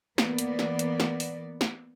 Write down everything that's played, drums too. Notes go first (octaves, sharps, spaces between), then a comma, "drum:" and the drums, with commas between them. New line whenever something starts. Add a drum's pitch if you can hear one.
E3 A#3 B3 D5, drum: snare
drum: hi-hat
drum: snare
drum: hi-hat
drum: snare
drum: open hi-hat
drum: snare